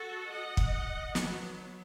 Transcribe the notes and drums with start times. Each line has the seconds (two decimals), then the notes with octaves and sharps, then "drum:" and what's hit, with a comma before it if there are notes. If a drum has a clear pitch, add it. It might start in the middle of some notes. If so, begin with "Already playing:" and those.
Already playing: F#4 A4
0.28 D#5 F#5
0.57 drum: kick
1.15 F#3 B3, drum: snare